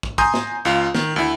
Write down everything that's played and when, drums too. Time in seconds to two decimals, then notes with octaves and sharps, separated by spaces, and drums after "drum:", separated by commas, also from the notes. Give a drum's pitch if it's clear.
0.03 drum: kick
0.18 G#5 A#5 C6 D#6 G6, drum: kick
0.34 drum: snare
0.65 C#2 F4 F5
0.94 D#3, drum: snare
1.16 D2 E4